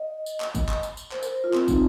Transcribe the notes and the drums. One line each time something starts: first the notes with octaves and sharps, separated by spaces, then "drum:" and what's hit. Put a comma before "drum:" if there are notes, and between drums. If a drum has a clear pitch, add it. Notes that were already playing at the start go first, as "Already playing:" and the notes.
Already playing: D#5
drum: tambourine
drum: clap
drum: kick, tambourine
drum: clap
drum: tambourine
drum: tambourine
C5, drum: clap
A#4, drum: tambourine
F4
C4, drum: clap
D#4, drum: kick, tambourine